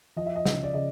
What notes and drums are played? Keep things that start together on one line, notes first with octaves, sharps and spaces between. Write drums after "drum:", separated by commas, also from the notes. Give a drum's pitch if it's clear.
F3 D#5
E5
D#5
C#3, drum: snare
D5
C#3 D#5